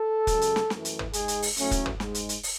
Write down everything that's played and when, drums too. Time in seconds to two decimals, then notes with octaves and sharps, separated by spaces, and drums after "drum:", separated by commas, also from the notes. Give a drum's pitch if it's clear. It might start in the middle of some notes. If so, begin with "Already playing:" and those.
Already playing: A4
0.27 F#2 C#3 G#3, drum: kick, hi-hat
0.41 drum: hi-hat
0.56 drum: snare
0.70 F#2 E3 A3, drum: snare
0.85 drum: hi-hat
0.99 drum: tom
1.13 G#2 G#3 G#4, drum: hi-hat
1.28 drum: hi-hat
1.42 drum: open hi-hat
1.57 A2 F#3 A3 C#4, drum: hi-hat
1.71 drum: kick, hi-hat
1.86 drum: tom
2.00 G#2 G#3, drum: snare
2.15 drum: hi-hat
2.29 drum: hi-hat
2.43 drum: open hi-hat